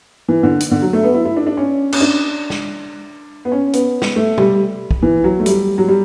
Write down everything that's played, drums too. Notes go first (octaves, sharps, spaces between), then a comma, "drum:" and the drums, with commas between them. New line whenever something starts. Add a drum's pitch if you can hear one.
E3
D3
drum: hi-hat
D3
F#3
A3
B3
E4
E4
D4
D4
C#4
C#4, drum: cymbal
D4
drum: snare
B3
C#4
B3, drum: hi-hat
drum: snare
A3
G3, drum: tom
drum: kick
E3
F#3
A3
G3, drum: hi-hat
F#3
G3